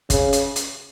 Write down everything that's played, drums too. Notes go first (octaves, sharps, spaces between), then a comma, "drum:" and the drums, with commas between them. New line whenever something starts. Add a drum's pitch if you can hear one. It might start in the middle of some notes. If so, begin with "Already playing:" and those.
C#3, drum: kick, hi-hat
drum: hi-hat
drum: hi-hat